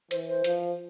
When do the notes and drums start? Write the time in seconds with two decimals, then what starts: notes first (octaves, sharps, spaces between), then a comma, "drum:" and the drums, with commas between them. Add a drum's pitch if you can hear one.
0.11 E3 C5, drum: hi-hat
0.28 C5
0.44 F3, drum: hi-hat